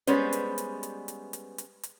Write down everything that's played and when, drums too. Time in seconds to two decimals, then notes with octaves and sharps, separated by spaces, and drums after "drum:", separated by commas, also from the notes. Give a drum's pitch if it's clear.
0.07 G3 G#3 B3 C#4 B4 C5, drum: hi-hat
0.33 drum: hi-hat
0.58 drum: hi-hat
0.83 drum: hi-hat
1.08 drum: hi-hat
1.33 drum: hi-hat
1.58 drum: hi-hat
1.83 drum: hi-hat